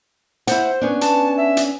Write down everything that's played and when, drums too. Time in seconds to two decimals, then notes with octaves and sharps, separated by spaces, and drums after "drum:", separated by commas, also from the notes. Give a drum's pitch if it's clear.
0.47 E4 C5 F#5, drum: hi-hat
0.81 B3 C#4 D4
1.01 A5, drum: hi-hat
1.37 E5
1.57 drum: hi-hat